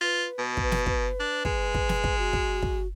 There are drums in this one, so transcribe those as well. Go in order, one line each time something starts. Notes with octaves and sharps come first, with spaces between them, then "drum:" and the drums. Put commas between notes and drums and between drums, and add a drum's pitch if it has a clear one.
F4 B4
B2
drum: kick
drum: snare
drum: kick
D4
G#3, drum: kick
drum: kick
drum: snare
drum: kick
F#4
drum: kick
drum: kick